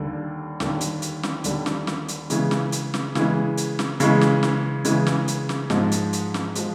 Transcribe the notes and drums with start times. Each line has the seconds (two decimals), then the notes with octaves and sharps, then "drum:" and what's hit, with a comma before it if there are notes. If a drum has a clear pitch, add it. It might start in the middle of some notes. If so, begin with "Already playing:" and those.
Already playing: D#2 D3 G3
0.60 D#2 D3 G3, drum: snare
0.81 drum: hi-hat
1.02 drum: hi-hat
1.23 drum: snare
1.44 D#2 D3 G3, drum: hi-hat
1.66 drum: snare
1.87 drum: snare
2.09 drum: hi-hat
2.30 C#3 E3 G#3, drum: hi-hat
2.51 drum: snare
2.72 drum: hi-hat
2.94 drum: snare
3.15 C#3 E3 G#3, drum: snare
3.58 drum: hi-hat
3.79 drum: snare
4.00 C#3 E3 G#3, drum: hi-hat
4.21 drum: snare
4.43 drum: snare
4.85 C#3 E3 G#3, drum: hi-hat
5.07 drum: snare
5.28 drum: hi-hat
5.49 drum: snare
5.70 G#2 F3 G#3, drum: snare
5.92 drum: hi-hat
6.13 drum: hi-hat
6.34 drum: snare
6.55 F3 G#3, drum: hi-hat